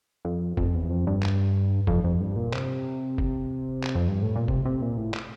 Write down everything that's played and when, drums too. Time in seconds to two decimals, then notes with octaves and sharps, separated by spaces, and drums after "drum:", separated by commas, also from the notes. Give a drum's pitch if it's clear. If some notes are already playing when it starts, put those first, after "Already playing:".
0.25 F2
0.57 F2, drum: kick F#1
0.74 E2
0.90 F2
1.07 G2
1.23 drum: clap
1.87 F2, drum: kick F#1
2.04 F2
2.21 G2
2.36 A#2
2.53 C3, drum: clap
3.18 drum: kick F#1
3.84 drum: clap
3.95 F2
4.08 G2
4.22 A2
4.36 A#2
4.48 C3, drum: kick F#1
4.65 C3
4.82 A#2
4.97 A2
5.14 drum: clap